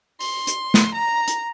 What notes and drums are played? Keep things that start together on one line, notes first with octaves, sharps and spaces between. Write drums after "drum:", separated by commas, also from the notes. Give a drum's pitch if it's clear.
C6, drum: open hi-hat
drum: hi-hat
drum: snare A3
A#5
drum: hi-hat